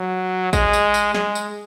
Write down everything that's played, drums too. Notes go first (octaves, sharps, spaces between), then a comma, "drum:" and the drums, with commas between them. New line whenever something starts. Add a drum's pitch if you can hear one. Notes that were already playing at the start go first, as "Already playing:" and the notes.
Already playing: F#3
G#3, drum: kick A1, tambourine
drum: tambourine
drum: tambourine
G#3, drum: snare
drum: tambourine